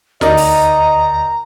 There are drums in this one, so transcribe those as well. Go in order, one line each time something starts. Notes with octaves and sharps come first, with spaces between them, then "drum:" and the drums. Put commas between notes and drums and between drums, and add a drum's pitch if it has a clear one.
D2 D#4 A#4 D5 D#5 A#5, drum: snare
drum: open hi-hat